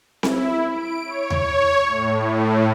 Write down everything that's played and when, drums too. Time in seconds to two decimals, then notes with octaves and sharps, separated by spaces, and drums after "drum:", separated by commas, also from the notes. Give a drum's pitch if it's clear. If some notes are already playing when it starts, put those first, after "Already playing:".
0.23 E4, drum: snare C4
0.71 D7
1.06 C#5
1.30 drum: tom D#2
1.88 A2